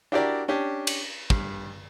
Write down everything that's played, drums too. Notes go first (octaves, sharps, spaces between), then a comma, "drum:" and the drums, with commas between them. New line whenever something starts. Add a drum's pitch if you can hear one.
D4 E4 F#4 G4 A#4 D5
C#4 D4 G4
drum: cymbal
G2, drum: kick